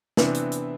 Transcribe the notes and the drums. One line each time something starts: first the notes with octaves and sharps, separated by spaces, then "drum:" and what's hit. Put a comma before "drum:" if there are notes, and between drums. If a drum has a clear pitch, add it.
C3 E3 B3 D4, drum: snare
drum: hi-hat
drum: hi-hat